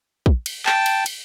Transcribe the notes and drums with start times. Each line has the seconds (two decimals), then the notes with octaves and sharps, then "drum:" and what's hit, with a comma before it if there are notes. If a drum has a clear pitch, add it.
0.26 drum: kick
0.46 drum: cymbal
0.66 G5 A5, drum: clap
0.86 drum: cymbal
1.06 drum: cymbal